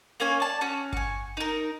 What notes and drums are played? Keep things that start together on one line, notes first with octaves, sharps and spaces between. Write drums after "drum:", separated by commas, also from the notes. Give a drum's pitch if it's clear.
A#3 C#4 C#5 G#5
D5 A5
C#4 F#4
G#5 C#6, drum: kick G1
D#4 A#4